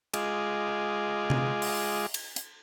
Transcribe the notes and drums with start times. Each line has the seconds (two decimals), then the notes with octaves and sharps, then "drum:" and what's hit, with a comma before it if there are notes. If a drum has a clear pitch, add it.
0.14 G#3 F4 G#4 D#5 D6, drum: cymbal
1.30 drum: tom C3
1.62 drum: open hi-hat
2.14 drum: cymbal
2.36 drum: hi-hat